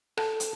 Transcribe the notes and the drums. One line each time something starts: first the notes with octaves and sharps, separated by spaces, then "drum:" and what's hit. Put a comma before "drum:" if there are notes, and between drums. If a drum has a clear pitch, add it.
A4, drum: rim click
drum: hi-hat